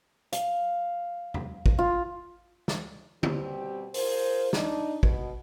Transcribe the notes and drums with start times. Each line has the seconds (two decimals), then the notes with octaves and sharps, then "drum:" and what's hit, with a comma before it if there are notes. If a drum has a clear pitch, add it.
0.32 F5, drum: hi-hat
1.34 drum: tom E2
1.66 drum: kick
1.79 F4
2.68 drum: snare
3.23 B2 G3 C4 G4, drum: tom D3
3.94 F4 G#4 A#4 C5, drum: open hi-hat
4.53 D4 D#4, drum: snare
5.03 B2, drum: kick